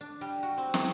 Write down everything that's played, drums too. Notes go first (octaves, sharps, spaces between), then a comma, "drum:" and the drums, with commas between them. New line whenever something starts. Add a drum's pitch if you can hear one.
D4
G3
F#4
C4
E2, drum: snare